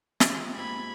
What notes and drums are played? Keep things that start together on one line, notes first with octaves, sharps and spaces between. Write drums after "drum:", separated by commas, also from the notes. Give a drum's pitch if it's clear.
F4 G4, drum: snare
G#2 A#3 B5 G#6